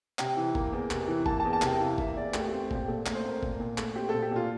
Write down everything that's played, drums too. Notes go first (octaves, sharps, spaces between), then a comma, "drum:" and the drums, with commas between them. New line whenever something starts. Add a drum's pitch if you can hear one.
C3 G5, drum: clap
E3
A#3, drum: kick
E2
C3, drum: clap
E3
A#3 A5, drum: kick
A5
E2
A5
C3 G5, drum: clap
E3 F5
A#3 E5, drum: kick
E2 D5
A3 G4, drum: clap
C4 G4
A#2 G4, drum: kick
A#2 A4
A3, drum: clap
C5
C4 A#4
A#2, drum: kick
A#2
A3, drum: clap
C4 G4
A#2 A4
G4
A#2 F4